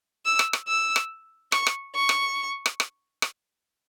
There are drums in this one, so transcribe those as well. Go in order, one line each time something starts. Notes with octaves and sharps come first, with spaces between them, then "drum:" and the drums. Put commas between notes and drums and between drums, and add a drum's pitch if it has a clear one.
E6
drum: rim click
drum: rim click
E6
drum: rim click
C#6, drum: rim click
drum: rim click
C#6
drum: rim click
drum: rim click
drum: rim click
drum: rim click